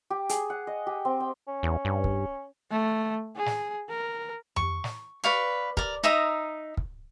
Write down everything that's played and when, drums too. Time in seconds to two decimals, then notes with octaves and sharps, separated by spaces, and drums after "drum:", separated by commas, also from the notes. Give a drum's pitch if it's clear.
0.10 G4
0.29 G#4, drum: hi-hat
0.50 F#5
0.67 D#5
0.87 G4
1.05 C4
1.20 G5
1.48 C#4
1.63 E2
1.85 G2
2.04 drum: kick
2.71 A3
3.36 G#4
3.46 drum: snare
3.90 A#4
4.56 C#6, drum: tom F2
4.84 drum: snare
5.24 B4 D5 F5 C#6
5.77 A#4 D5, drum: kick
6.04 D#4 E5 A#5 D#6
6.77 drum: kick